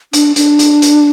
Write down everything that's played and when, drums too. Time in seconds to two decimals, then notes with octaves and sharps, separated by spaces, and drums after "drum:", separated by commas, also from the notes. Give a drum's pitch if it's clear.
0.13 D4, drum: hi-hat
0.36 D4, drum: hi-hat
0.59 drum: hi-hat
0.82 drum: hi-hat